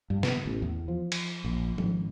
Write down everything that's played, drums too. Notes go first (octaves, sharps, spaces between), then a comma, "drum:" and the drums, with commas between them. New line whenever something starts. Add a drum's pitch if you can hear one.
G2
B3, drum: snare
A1
E2
F3
drum: cymbal
A#1
G#1, drum: tom F3